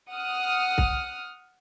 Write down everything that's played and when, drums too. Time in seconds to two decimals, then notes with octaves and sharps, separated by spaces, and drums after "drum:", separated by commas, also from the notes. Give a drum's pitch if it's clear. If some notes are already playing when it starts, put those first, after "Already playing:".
0.11 F#5 D#6 F6
0.78 drum: kick C2